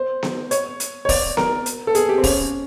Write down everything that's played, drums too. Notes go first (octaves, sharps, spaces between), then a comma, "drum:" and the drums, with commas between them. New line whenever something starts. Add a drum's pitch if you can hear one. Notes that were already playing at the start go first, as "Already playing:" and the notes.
Already playing: C5
drum: snare B3
C#5, drum: hi-hat
drum: hi-hat
C#5
D5, drum: kick, open hi-hat
A#4, drum: snare B3
drum: hi-hat
A4
G#4, drum: hi-hat
G4
C4
C#4, drum: kick, open hi-hat